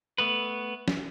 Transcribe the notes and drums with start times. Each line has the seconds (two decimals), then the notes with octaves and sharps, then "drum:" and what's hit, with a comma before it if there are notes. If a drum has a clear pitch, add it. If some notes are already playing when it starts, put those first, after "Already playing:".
0.18 A3 B3 B4
0.88 drum: snare